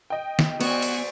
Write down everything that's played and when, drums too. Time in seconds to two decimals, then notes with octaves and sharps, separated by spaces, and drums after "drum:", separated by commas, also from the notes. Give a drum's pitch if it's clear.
0.10 D#5 G5
0.39 drum: snare
0.61 B3 F#4 C5 D5 G#5, drum: cymbal
0.82 drum: cymbal